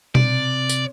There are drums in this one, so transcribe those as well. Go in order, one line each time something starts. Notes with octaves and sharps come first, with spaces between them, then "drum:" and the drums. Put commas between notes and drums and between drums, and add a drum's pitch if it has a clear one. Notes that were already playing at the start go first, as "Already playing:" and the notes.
C3 D5, drum: tom B2
drum: tambourine